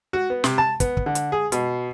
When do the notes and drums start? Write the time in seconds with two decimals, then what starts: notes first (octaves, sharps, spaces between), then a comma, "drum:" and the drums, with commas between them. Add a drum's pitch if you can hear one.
0.13 F#4
0.30 B3
0.44 C3, drum: snare
0.58 A5
0.80 B3, drum: kick, hi-hat
0.97 drum: kick
1.06 D3
1.15 drum: hi-hat
1.32 G#4
1.52 B2, drum: hi-hat